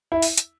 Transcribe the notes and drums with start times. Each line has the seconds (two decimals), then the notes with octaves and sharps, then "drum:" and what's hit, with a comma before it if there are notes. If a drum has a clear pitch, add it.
0.12 E4
0.22 drum: open hi-hat
0.38 drum: hi-hat